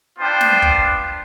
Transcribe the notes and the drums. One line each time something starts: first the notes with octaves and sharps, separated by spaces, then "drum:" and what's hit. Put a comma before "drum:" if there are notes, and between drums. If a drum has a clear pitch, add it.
B3 D4 F4 C5 G5
drum: snare
drum: kick